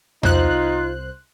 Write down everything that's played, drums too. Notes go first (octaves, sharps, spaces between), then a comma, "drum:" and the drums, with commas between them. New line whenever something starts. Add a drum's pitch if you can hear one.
C2 D#4 F4 C5 F#6, drum: tom E2